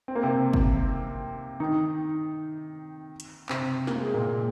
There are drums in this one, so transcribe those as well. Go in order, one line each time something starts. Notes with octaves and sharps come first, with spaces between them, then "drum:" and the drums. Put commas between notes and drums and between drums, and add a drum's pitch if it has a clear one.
C4
A#3
C3 C4
drum: kick
D#3 D#4
drum: hi-hat
C3 C4, drum: clap
A#3, drum: snare
G#3
A#2 A#3